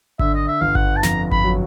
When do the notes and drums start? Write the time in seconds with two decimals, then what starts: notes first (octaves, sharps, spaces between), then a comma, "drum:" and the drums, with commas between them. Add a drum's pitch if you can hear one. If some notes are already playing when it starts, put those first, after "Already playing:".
0.19 D3 E5, drum: kick G#1
0.35 D#5
0.48 E5
0.61 G1 F5
0.75 F#5, drum: kick G#1
0.97 A5
1.03 F2 A#5, drum: snare
1.32 B5, drum: kick G#1
1.44 F#3